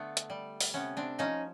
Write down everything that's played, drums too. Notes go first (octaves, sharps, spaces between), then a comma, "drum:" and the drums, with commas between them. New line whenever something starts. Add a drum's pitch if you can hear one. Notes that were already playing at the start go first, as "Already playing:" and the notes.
Already playing: D3 A3 B3
drum: hi-hat
G3
drum: open hi-hat
C3 B3 C#4
C4 D4
F3 C#4 D#4